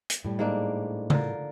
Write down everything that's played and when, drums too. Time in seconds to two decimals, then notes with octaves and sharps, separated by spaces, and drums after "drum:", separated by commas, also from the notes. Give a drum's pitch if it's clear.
0.10 drum: hi-hat
0.25 A2 G3
0.39 G#2 A#3 D4
1.10 D3 F4 A#4, drum: tom C#3